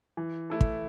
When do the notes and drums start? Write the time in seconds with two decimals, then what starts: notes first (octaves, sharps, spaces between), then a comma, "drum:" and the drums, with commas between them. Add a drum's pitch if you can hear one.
0.17 E3
0.50 A3 E4 A4
0.61 drum: kick